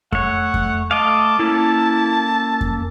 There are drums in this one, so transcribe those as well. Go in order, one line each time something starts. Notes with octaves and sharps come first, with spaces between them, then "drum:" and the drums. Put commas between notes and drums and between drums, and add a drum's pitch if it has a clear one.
A3 C#5 F#5, drum: kick F2
drum: kick F2
A3 D#5 F5 A5 D6
A#3 C#4 E4 A4
drum: kick F2